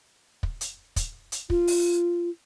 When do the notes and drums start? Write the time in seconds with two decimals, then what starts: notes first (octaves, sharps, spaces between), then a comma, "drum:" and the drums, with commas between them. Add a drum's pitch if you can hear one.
0.43 drum: kick
0.61 drum: hi-hat
0.96 drum: kick, hi-hat
1.32 drum: hi-hat
1.50 F4, drum: kick
1.67 drum: open hi-hat